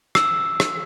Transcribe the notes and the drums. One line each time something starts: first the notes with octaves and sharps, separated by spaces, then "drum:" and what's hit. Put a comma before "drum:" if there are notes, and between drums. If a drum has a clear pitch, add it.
E6, drum: rim click
drum: rim click